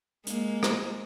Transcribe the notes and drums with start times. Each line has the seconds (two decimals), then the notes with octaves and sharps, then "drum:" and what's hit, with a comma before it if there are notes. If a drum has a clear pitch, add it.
0.27 G#3 A#3, drum: hi-hat
0.63 drum: rim click